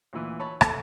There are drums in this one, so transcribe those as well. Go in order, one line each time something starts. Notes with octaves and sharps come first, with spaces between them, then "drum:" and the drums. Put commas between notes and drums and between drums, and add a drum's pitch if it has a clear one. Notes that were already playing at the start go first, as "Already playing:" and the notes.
D2 A#2 E3
C#5 A5 B5
A4, drum: rim click